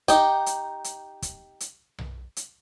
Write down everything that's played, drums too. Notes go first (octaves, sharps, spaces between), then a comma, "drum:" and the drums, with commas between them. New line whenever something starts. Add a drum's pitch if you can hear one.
D#4 G4, drum: kick, hi-hat
drum: hi-hat
drum: hi-hat
drum: kick, hi-hat
drum: hi-hat
drum: tom B1
drum: hi-hat